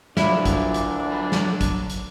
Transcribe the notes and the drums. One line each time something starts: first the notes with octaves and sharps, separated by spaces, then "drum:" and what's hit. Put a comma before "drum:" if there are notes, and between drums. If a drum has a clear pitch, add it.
D2 A#2 D3 F#3 D4 E4 F4, drum: snare
drum: kick, hi-hat
drum: hi-hat
F#3 B5
drum: snare
drum: kick, hi-hat
drum: hi-hat